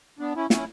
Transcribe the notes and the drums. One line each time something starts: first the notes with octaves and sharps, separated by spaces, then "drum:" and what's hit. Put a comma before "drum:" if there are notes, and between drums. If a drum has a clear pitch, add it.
B3 D4
C#4 E4
C#4 E4, drum: snare